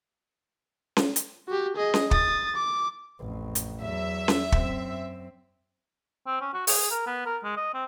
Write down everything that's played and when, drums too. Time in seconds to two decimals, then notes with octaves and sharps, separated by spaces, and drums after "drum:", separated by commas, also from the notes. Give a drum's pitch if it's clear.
0.97 drum: snare C#4
1.16 drum: hi-hat
1.48 F#4 G4
1.76 G#4 D#5
1.94 drum: snare C#4
2.11 D#6 A6, drum: kick
2.55 D6
3.20 A1 F2
3.55 drum: hi-hat
3.82 E2 F#3 E5
4.28 drum: snare C#4
4.52 F#2 C4, drum: kick
6.26 C4
6.41 C#4
6.54 F#4
6.67 G#4, drum: open hi-hat
6.91 A#4
7.07 B3
7.26 A#4
7.44 G#3
7.57 D#5
7.74 C4